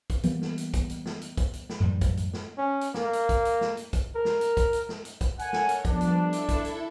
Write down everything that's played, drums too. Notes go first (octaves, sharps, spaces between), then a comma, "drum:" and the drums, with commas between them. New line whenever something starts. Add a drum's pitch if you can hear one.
drum: kick, hi-hat
E3 G3 A#3 B3, drum: hi-hat
drum: snare
drum: hi-hat
drum: kick, hi-hat
drum: hi-hat
drum: snare
drum: hi-hat
drum: kick, hi-hat
drum: hi-hat
drum: snare
F#2 A2 E3 G3
drum: kick, hi-hat
drum: hi-hat
drum: snare
C#4
drum: hi-hat
A#3, drum: snare
drum: hi-hat
drum: kick, hi-hat
drum: hi-hat
drum: snare
drum: hi-hat
drum: kick, hi-hat
A#4
drum: snare
drum: hi-hat
drum: kick, hi-hat
drum: hi-hat
drum: snare
drum: hi-hat
drum: kick, hi-hat
A4 A#4 C#5 F#5 G#5, drum: hi-hat
drum: snare
drum: hi-hat
F3 G3 B3 D4, drum: kick, hi-hat
drum: hi-hat
E4 A4 E5
drum: hi-hat
drum: kick, hi-hat
drum: hi-hat